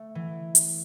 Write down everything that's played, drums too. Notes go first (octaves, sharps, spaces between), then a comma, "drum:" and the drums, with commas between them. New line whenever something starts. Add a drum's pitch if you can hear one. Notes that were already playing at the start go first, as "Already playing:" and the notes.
Already playing: A3
E3
drum: hi-hat